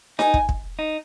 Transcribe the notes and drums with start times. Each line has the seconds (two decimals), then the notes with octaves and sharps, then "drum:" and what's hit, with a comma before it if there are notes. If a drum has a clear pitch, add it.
0.19 D#4 G#5, drum: snare D#4
0.34 drum: kick
0.49 drum: kick
0.79 D#4